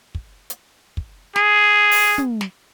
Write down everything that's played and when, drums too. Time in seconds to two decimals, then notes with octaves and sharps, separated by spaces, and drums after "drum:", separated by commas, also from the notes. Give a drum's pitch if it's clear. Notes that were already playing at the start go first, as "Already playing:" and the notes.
0.15 drum: kick
0.50 drum: hi-hat
0.97 drum: kick
1.36 G#4, drum: snare
1.92 drum: open hi-hat
2.18 drum: tom
2.41 drum: snare